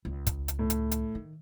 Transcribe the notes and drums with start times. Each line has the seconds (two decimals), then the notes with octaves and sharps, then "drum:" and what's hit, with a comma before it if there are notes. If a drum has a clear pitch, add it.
0.05 C#2
0.27 drum: kick, hi-hat
0.48 drum: hi-hat
0.59 A2
0.70 drum: hi-hat
0.91 drum: hi-hat
1.15 D#3